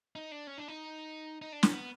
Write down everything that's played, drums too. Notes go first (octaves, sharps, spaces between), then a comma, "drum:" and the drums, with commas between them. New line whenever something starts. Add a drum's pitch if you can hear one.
D#4
D4
C#4
D4
D#4
D#4
D4
C#4, drum: snare
B3